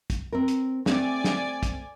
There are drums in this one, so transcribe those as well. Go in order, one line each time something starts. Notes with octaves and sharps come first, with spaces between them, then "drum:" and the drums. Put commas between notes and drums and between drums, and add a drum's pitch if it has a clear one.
drum: kick, hi-hat
C4 A#4
drum: hi-hat
A3 C4 D5 G#5, drum: snare
drum: snare
drum: kick, hi-hat